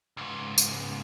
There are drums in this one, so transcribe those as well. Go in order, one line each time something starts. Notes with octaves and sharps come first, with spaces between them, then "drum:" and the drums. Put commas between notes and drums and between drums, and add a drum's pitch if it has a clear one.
C#2 G#2
drum: tambourine